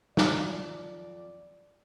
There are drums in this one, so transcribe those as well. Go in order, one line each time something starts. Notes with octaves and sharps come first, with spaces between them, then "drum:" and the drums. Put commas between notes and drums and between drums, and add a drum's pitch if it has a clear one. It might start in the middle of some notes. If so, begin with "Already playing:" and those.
F2 D#3 F#3 G#3 D5, drum: snare